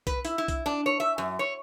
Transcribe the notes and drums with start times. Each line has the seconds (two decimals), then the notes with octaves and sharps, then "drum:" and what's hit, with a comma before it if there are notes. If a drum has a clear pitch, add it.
0.07 B4, drum: kick B1, hi-hat
0.25 E4, drum: hi-hat
0.38 E4
0.48 drum: kick B1, hi-hat
0.66 D4
0.86 C#5
1.00 E5
1.18 F#2
1.39 C#5